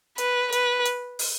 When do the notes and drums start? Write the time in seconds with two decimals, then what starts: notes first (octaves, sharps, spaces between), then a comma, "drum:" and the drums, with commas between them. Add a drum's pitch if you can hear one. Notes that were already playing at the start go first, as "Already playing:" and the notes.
0.18 B4, drum: hi-hat
0.52 B4, drum: hi-hat
0.85 drum: hi-hat
1.19 drum: open hi-hat